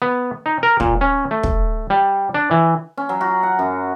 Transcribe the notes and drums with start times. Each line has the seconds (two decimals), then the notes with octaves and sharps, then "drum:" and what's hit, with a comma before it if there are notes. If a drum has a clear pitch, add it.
0.02 B3
0.46 D#4
0.63 A#4
0.80 A#2, drum: kick
1.01 C#4
1.31 A3
1.43 drum: kick
1.90 G3
2.34 D4
2.51 E3
2.97 C#4
3.09 F#3
3.21 F#4
3.43 F#5
3.59 F#2